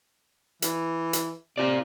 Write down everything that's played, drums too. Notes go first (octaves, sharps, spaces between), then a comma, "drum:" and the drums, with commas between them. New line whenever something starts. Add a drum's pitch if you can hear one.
E3, drum: hi-hat
drum: hi-hat
C3 F4 D5